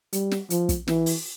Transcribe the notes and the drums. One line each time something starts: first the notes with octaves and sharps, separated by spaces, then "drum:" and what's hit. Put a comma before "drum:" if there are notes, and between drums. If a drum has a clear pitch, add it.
G3, drum: hi-hat
drum: snare
F3, drum: hi-hat
drum: kick, hi-hat
E3, drum: snare
drum: open hi-hat